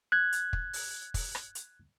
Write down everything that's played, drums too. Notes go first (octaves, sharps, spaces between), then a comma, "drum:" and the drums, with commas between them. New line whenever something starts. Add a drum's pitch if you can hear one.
F#6 G#6
drum: hi-hat
drum: kick
drum: open hi-hat
drum: kick, open hi-hat
drum: rim click
drum: hi-hat